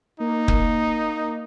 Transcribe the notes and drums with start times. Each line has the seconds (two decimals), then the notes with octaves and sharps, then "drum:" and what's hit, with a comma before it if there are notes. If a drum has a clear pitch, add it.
0.20 A#3 D#4
0.48 drum: kick